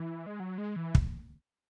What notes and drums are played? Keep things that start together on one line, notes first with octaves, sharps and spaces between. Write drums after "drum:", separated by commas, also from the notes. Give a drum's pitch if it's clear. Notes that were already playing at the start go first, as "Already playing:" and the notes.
Already playing: E3
G#3
F#3
G#3
E3
drum: kick